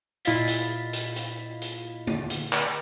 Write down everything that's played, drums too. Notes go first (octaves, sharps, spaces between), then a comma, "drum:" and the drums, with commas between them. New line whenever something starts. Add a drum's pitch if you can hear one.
A#2 E4 D#5 F5 A6 B6, drum: hi-hat
drum: hi-hat
drum: hi-hat
drum: hi-hat
drum: hi-hat
drum: tom
drum: hi-hat
drum: clap